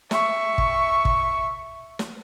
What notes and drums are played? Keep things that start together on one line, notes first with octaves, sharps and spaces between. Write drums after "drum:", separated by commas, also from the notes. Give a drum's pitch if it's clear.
E5 C#6, drum: snare
drum: kick
drum: kick
drum: snare